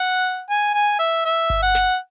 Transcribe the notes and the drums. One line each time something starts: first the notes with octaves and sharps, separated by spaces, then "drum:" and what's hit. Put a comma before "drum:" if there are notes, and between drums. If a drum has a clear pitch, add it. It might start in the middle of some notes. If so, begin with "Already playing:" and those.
Already playing: F#5
G#5
G#5
E5
E5
drum: kick G1
F#5
drum: snare